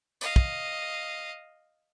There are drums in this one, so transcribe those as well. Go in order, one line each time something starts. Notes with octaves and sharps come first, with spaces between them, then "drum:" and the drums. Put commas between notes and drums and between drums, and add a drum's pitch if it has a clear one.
D#5 F5, drum: tambourine
drum: kick